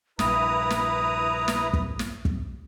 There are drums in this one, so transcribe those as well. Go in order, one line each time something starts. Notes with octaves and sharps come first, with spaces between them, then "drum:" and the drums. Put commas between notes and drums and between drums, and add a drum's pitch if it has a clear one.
A#1 G2 E4 B4 A#5 D#6, drum: snare
drum: snare
drum: snare
drum: kick
drum: snare
drum: kick